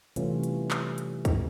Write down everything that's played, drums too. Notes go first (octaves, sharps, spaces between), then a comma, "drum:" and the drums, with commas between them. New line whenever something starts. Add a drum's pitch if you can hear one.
C3 E3 G3 A3 C#4 F4, drum: hi-hat
drum: hi-hat
drum: clap
drum: hi-hat
drum: kick, hi-hat